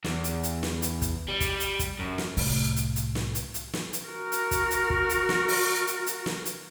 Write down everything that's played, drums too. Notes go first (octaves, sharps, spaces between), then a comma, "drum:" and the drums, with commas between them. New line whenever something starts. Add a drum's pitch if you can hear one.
E2, drum: snare
drum: hi-hat
drum: hi-hat
drum: snare
drum: hi-hat
drum: kick, hi-hat
G3
drum: kick, hi-hat
drum: hi-hat
drum: kick, hi-hat
F#2
drum: snare
C2 A2, drum: open hi-hat
drum: hi-hat
drum: hi-hat
drum: snare
drum: hi-hat
drum: hi-hat
drum: snare
drum: hi-hat
F#4 A#4
drum: hi-hat
drum: kick, hi-hat
drum: hi-hat
drum: kick
drum: hi-hat
drum: snare
drum: open hi-hat
drum: hi-hat
drum: hi-hat
drum: snare
drum: hi-hat